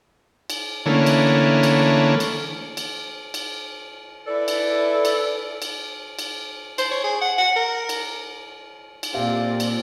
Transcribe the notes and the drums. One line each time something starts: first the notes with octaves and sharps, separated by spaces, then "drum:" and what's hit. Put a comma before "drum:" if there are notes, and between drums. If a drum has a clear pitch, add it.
drum: cymbal
D3 E3 A3 A#3 C#4
drum: cymbal
drum: cymbal
drum: cymbal
drum: cymbal
drum: cymbal
E4 A4 B4 D5
drum: cymbal
drum: cymbal
drum: cymbal
drum: cymbal
C5, drum: cymbal
C#5
G#4
F#5
F#5
A#4
drum: cymbal
drum: cymbal
A#2 C4 G4 D5 F5
drum: cymbal